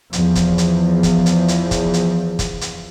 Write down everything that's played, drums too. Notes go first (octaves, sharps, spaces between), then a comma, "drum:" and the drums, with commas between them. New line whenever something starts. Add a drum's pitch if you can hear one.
E2 F3, drum: hi-hat
drum: kick, hi-hat
drum: hi-hat
drum: kick, hi-hat
drum: hi-hat
drum: hi-hat
drum: kick, hi-hat
drum: hi-hat
drum: kick, hi-hat
drum: hi-hat